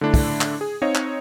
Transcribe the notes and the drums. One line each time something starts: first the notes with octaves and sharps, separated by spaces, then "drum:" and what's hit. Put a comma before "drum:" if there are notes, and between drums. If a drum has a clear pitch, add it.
D3 A3 D4 E4
drum: kick, open hi-hat
drum: clap
G#4
C4 D#4 C#5 D#5 F5
drum: clap